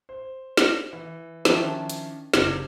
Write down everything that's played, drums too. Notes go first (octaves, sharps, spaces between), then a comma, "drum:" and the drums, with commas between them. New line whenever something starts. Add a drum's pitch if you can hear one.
C5
drum: snare
E3
D#3 F3 C#4 D4 E4, drum: snare
drum: hi-hat
F#1 C3 G#6, drum: snare